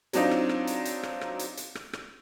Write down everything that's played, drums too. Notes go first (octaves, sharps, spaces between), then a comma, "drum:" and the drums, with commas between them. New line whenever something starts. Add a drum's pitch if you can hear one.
F#3 C4 D4 D#4 F4, drum: hi-hat
drum: rim click
drum: rim click
drum: hi-hat
drum: hi-hat
drum: rim click
drum: rim click
drum: hi-hat
drum: hi-hat
drum: rim click
drum: rim click